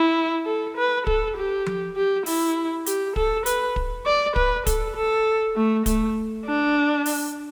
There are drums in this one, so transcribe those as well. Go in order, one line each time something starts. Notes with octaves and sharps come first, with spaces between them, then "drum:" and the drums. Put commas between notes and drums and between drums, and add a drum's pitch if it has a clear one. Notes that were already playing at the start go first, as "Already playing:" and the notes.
Already playing: E4
A4
B4
A4, drum: kick
G4
drum: tom F3
G4
E4, drum: open hi-hat
G4, drum: hi-hat
A4, drum: kick
B4, drum: hi-hat
drum: kick
D5
B4, drum: kick
A4, drum: kick, hi-hat
A4
A3
A3, drum: kick, hi-hat
D4
drum: open hi-hat